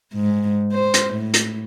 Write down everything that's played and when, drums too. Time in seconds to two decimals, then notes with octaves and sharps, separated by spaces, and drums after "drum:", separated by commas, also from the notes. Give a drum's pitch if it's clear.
0.14 G#2
0.73 C5
0.94 drum: hi-hat
1.14 A2
1.34 drum: hi-hat